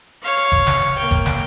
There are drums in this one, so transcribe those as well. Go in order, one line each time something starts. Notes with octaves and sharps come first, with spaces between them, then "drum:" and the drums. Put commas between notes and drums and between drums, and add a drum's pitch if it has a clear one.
C#5 F5
drum: hi-hat
drum: kick F#1, hi-hat
drum: snare
drum: hi-hat
A#3 G5, drum: hi-hat
drum: kick F#1, hi-hat
drum: snare